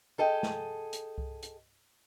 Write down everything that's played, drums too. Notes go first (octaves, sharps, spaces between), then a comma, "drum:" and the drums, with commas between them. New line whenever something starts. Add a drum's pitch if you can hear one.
G#4 A4 D#5 G5
drum: snare
drum: hi-hat
drum: kick C2
drum: hi-hat